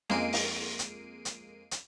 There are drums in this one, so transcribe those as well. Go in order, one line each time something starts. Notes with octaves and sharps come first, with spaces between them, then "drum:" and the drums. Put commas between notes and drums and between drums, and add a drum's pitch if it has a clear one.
F2 G#3 A#3 C7 D7 D#7, drum: snare C#4
drum: open hi-hat
drum: hi-hat
drum: hi-hat
drum: hi-hat